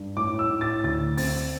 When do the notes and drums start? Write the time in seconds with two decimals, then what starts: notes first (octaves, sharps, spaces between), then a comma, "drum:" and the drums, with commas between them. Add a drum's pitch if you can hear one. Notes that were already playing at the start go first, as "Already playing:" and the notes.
Already playing: G2
0.17 A2 D6
0.39 E6
0.50 A2
0.61 A6
0.84 D2 A6
1.17 C4 A6, drum: open hi-hat